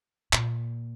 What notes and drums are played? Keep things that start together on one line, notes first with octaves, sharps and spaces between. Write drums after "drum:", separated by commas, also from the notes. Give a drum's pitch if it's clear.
A#2, drum: clap